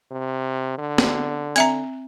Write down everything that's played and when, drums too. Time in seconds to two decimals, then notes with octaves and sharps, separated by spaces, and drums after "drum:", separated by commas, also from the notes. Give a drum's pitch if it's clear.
0.11 C3
0.78 D3
0.98 drum: snare
1.56 C4 E5 A#5, drum: hi-hat